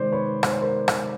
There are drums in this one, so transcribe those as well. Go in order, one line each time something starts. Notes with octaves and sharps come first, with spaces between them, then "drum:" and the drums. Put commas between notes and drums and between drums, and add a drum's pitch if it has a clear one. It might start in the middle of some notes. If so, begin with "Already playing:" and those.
Already playing: C3 D#3 G#3 C5 D5
B4 C#5
C5, drum: rim click
C#5
A#4 C5
drum: rim click